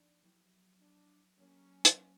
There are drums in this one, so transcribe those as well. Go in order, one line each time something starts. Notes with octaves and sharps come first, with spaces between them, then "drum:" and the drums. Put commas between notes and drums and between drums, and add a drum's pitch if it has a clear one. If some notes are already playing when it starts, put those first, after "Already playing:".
Already playing: F3 A#3 D4 D#4
F#3 B3 E4 G4
D4
F#3 A#3 C#4 D4 G4
drum: hi-hat